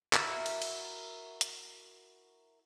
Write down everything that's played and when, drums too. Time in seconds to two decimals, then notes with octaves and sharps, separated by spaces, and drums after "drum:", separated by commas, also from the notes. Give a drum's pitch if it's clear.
0.13 E4 F#4 A#4 E5, drum: clap
0.46 drum: cymbal
0.62 drum: cymbal
1.41 drum: hi-hat